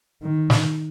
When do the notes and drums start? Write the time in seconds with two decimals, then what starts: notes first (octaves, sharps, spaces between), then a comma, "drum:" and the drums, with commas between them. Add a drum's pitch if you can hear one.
0.22 D#3
0.50 drum: snare